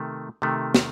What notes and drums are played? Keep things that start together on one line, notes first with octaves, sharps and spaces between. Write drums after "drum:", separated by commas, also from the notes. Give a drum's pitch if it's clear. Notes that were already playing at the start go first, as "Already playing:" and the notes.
Already playing: C3 D#3 A3
C3 D#3 A3
drum: snare